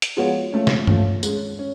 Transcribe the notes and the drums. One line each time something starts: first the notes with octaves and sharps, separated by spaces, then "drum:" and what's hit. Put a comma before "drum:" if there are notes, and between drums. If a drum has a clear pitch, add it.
drum: hi-hat
F3 G#3 B3 F#4 C#5
F3 A3 C#4
drum: snare
F3 A3 C#4, drum: tom G2
G#2 G#3 C#4, drum: tambourine
C#4